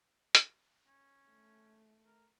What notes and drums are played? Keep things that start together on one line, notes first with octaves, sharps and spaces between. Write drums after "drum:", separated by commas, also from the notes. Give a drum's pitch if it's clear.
drum: hi-hat
C#4
A3
A#4